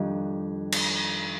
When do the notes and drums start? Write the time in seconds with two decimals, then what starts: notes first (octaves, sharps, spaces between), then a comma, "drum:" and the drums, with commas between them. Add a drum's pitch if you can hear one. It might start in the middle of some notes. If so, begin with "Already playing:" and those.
Already playing: F2 D#3 G3 D4 G5
0.72 drum: cymbal